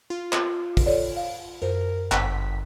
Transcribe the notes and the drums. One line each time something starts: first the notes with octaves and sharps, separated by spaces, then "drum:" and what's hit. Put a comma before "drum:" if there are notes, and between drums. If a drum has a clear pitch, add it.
F4
drum: clap
drum: kick, open hi-hat
A4 C#5 D5
F5
F#2 A#4 C5
G1 F#5 C#6 B6, drum: clap